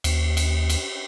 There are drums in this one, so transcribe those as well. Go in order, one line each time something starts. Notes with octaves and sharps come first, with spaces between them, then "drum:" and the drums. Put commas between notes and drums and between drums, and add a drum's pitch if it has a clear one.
D#2, drum: cymbal
drum: cymbal
drum: cymbal